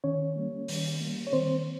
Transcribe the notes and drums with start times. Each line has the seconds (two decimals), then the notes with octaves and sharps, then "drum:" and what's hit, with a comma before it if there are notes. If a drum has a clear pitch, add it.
0.04 D#3 C#4 C#5
0.36 G3 A#3
0.68 D#3, drum: open hi-hat
1.01 G3 A#3
1.27 C#5
1.33 D#3 C4 C5